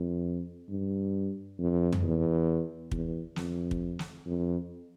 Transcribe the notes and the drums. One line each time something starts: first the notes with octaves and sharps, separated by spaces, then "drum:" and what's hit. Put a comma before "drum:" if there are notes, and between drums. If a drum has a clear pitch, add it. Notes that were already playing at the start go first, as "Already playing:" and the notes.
Already playing: F2
G2
F2
drum: tom
E2
E2, drum: kick
F2, drum: snare
drum: kick
drum: snare
F2